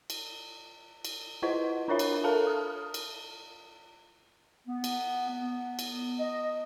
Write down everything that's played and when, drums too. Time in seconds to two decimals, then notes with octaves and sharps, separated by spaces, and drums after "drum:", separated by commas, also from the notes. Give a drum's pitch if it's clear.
0.10 drum: cymbal
1.05 drum: cymbal
1.42 E4 F4 B4 C5 D#5 F#5
1.88 D4 F4 A#4 C#5 E5 B5
1.99 drum: cymbal
2.24 A4 A#4 F5 A5 A#5
2.47 D#6 F6
2.94 drum: cymbal
4.67 B3
4.84 drum: cymbal
5.28 B3
5.79 drum: cymbal
6.20 D#5